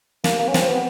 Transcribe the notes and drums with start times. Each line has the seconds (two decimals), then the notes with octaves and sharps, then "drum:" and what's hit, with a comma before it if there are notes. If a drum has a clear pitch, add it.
0.24 A#3, drum: snare
0.39 A#3
0.49 C#4
0.54 C4, drum: snare
0.69 B3